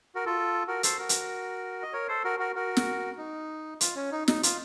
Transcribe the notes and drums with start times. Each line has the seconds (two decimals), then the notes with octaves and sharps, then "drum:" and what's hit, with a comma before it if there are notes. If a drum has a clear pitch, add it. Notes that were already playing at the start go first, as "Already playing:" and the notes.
0.15 F#4 A#4
0.25 F4 A4
0.68 F#4 A#4
0.83 A4 C5, drum: hi-hat
0.98 F#4 A#4
1.09 drum: hi-hat
1.83 D#5
1.93 A#4 C#5
2.08 A4 C5
2.24 F#4 A#4
2.39 F#4 A#4
2.55 F#4 A#4
2.77 drum: snare
3.18 D#4
3.81 F4, drum: hi-hat
3.96 C#4
4.12 D#4
4.28 D#4, drum: snare
4.43 F4, drum: hi-hat